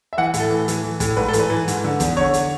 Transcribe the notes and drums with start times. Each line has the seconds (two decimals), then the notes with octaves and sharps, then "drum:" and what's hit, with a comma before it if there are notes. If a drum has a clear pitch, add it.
0.13 E5
0.18 E3 F#5
0.34 A2, drum: hi-hat
0.40 A4
0.50 E3
0.68 E3, drum: hi-hat
0.84 E3
1.00 A2, drum: kick, hi-hat
1.17 G#2 B4
1.28 A4
1.33 E3, drum: hi-hat
1.40 B4
1.50 E3
1.68 G#2, drum: hi-hat
1.84 D3
2.00 E2, drum: kick, hi-hat
2.17 D3 C#5
2.34 drum: hi-hat